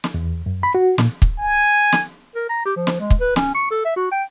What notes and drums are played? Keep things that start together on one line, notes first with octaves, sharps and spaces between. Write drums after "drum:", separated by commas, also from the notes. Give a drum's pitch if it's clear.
drum: snare
E2
F#2
B5
F#4
A#2, drum: snare
drum: kick
G#5
drum: snare
A#4
A#5
G4
F3
drum: snare
G#3
drum: kick
B4
C#4, drum: snare
C#6
A4
E5
F#4
G5